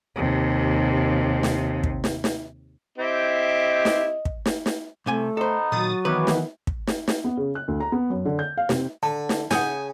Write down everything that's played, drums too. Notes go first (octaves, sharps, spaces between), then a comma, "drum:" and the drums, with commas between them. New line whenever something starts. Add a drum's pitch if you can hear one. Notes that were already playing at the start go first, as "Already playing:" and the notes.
D#2 C3
drum: snare
drum: kick
drum: snare
drum: snare
C4 E4 G4 D#5
drum: snare
drum: kick
drum: snare
drum: snare
C2 C3 A3 G#5
B3 D#4 A4 C5
A#2 D#3 F#3 D#6 A6
D#3 E3 B3 B4 C#5 D6
drum: snare
drum: kick
drum: snare
drum: snare
B3
C#3
F#6
D2
A#5
B3
F#2
D3
G6
F5
C3, drum: snare
D3 A5
drum: snare
C#3 F#5 G#5 D#6 G6, drum: snare